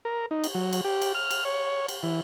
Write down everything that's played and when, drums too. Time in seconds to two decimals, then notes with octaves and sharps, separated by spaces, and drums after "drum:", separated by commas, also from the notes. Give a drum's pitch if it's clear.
0.05 A#4
0.31 D#4
0.44 drum: cymbal
0.55 F#3
0.73 drum: cymbal
0.85 G4
1.02 drum: cymbal
1.15 F6
1.31 drum: cymbal
1.45 C#5
1.88 drum: cymbal
2.03 E3